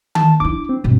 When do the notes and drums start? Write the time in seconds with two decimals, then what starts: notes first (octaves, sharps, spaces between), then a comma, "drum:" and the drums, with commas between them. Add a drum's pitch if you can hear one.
0.15 A5, drum: tom D#3
0.40 D4 E4 D6
0.69 C4
0.84 G2 B2